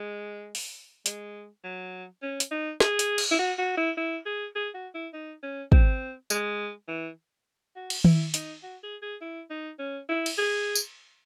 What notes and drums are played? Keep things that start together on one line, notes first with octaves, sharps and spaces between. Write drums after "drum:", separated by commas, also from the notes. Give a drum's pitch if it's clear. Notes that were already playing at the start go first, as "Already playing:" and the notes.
Already playing: G#3
drum: open hi-hat
G#3, drum: hi-hat
F#3
C#4
drum: hi-hat
D#4
G#4, drum: snare
drum: hi-hat
drum: cymbal
E4
F#4
F#4
E4
E4
G#4
G#4
F#4
E4
D#4
C#4
C4, drum: kick
G#3, drum: tambourine
E3
F#4
drum: cymbal
E4, drum: tom D#3
D#4, drum: hi-hat
F#4
G#4
G#4
E4
D#4
C#4
E4
drum: cymbal
G#4
drum: tambourine